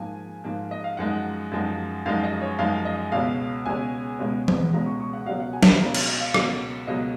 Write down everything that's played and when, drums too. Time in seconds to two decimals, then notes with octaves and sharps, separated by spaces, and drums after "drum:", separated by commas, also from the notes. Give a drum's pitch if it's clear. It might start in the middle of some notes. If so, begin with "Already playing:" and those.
Already playing: G#2 F3 A#3 G#5
0.44 G#2 F3 A#3
0.71 D#5
0.84 F5
0.97 F#2 F3 G#3 D#4 F#5
1.52 F#2 F3 G#3 D#4
2.06 F#2 F3 G#3 D#4 F5
2.24 D#5
2.41 C#5
2.58 F#2 F3 G#3 D#4 F5
2.85 D#5
3.12 C#2 B2 G#3 C#4 F5
3.66 C#2 B2 G#3 C#4 G#5
4.19 C#2 B2 G#3 C#4
4.48 drum: tom E3
4.73 C#2 B2 G#3 C#4 A#5
4.86 C#6
5.00 C#6
5.13 F#5
5.26 C#2 B2 F#3 A#3 C#4 F5
5.40 F#5
5.53 G#5
5.63 A#5, drum: snare
5.67 B5
5.81 C#2 B2 F#3 A#3 C#4 A#5
5.94 C#5, drum: cymbal
6.08 D#5
6.20 F5
6.34 C#2 B2 F#3 A#3 C#4 D#5, drum: rim click
6.87 C#2 B2 F#3 A#3 C#4 D#5